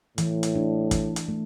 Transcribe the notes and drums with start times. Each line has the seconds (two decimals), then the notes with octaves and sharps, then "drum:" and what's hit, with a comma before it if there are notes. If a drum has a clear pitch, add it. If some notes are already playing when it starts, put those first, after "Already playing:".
0.18 A2 E3, drum: hi-hat
0.43 drum: hi-hat
0.55 D4
0.91 E3, drum: kick, hi-hat
1.16 drum: hi-hat
1.28 A3